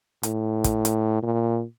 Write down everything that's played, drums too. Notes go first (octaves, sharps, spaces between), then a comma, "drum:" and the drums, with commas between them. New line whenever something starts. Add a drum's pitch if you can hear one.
A2, drum: hi-hat
drum: kick, hi-hat
drum: hi-hat
A#2